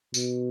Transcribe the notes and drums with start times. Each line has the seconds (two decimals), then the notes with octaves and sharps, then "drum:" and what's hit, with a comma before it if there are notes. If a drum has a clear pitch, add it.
0.14 B2, drum: tambourine